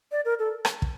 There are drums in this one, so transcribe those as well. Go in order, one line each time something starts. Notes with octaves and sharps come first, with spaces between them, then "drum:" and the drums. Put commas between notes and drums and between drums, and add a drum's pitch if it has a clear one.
D5
A#4
A4
drum: rim click
drum: kick